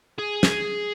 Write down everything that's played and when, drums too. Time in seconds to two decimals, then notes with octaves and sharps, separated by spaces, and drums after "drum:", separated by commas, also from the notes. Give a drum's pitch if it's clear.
0.18 G#4
0.43 drum: snare